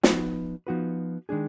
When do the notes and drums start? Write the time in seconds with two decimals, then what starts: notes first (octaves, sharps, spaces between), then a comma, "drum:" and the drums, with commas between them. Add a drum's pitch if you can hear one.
0.03 F3 B3 D#4 F#4 B4, drum: snare
0.67 F3 B3 D#4 F#4 B4
1.29 D#3 G#3 D4 G#4